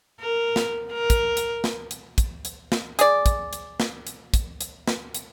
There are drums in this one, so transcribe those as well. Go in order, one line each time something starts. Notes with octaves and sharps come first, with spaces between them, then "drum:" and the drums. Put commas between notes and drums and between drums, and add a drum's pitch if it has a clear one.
A#4
drum: snare
A#4
drum: kick, hi-hat
drum: hi-hat
drum: snare
drum: hi-hat
drum: kick, hi-hat
drum: hi-hat
drum: snare
G#4 D5, drum: hi-hat
drum: kick, hi-hat
drum: hi-hat
drum: snare
drum: hi-hat
drum: kick, hi-hat
drum: hi-hat
drum: snare
drum: hi-hat